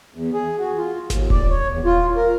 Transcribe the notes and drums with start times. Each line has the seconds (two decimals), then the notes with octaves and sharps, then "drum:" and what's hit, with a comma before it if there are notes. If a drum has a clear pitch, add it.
0.15 E2
0.33 G#4
0.58 F#4
0.77 F4
1.10 D#2, drum: snare G#1
1.30 D5, drum: kick D#1
1.50 C#5
1.71 E2
1.85 F4
2.16 A#4